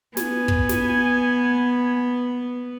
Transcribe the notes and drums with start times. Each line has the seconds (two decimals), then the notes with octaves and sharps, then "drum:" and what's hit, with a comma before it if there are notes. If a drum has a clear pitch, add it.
0.17 B3 G#5, drum: snare
0.48 drum: kick
0.69 drum: snare